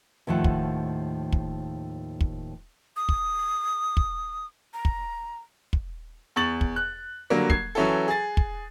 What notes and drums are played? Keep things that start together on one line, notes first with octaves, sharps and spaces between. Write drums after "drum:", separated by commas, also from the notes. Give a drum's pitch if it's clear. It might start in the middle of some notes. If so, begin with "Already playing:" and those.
D#2 A2 D#3 F3 F#5
drum: kick
drum: kick
drum: kick
D#6
drum: kick
drum: kick
A#5
drum: kick
drum: kick
E2 C#6 A6 F#7
drum: kick
F#6
D3 F#3 G3 A#3
G#6 C7, drum: kick
E3 F#3 C#4 E4 A4
G#4 A6
drum: kick